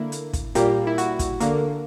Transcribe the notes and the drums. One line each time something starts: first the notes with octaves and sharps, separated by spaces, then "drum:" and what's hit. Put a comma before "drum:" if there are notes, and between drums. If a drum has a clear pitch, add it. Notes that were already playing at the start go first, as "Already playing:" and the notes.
Already playing: D3 A#3 E4
drum: hi-hat
drum: kick, hi-hat
A#2 G3 A#3, drum: hi-hat
E4
F#4, drum: hi-hat
drum: kick, hi-hat
D3 A#3, drum: hi-hat